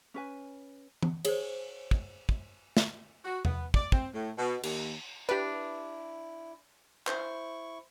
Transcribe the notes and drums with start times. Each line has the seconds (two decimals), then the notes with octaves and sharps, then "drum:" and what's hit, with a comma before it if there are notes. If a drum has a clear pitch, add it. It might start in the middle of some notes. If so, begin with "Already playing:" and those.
0.14 C#4 B4 G#5
1.02 drum: tom
1.25 G#4 C5 C#5, drum: cymbal
1.91 drum: kick
2.29 drum: kick
2.77 drum: snare
3.24 F#4
3.45 B3, drum: tom E2
3.74 D5, drum: kick
3.92 C4, drum: kick
4.13 A2
4.37 B2
4.63 D#2, drum: cymbal
5.29 D4 E4 G4 B4
7.07 E4 C5 C#6, drum: clap